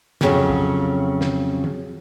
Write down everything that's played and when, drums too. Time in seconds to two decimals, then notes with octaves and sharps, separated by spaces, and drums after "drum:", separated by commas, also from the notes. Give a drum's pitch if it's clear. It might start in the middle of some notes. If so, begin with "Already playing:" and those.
0.21 F2 C#3 F#3, drum: snare
0.35 drum: tom
0.49 drum: kick
1.21 drum: snare
1.64 drum: tom